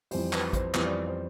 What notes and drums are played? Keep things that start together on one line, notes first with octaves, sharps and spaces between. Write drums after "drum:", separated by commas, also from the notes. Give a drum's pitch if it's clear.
F2 E3 G3 C5, drum: open hi-hat
B4, drum: clap
C5, drum: kick A1, hi-hat
F2 E3 G3 B4, drum: clap
D5
C5
C5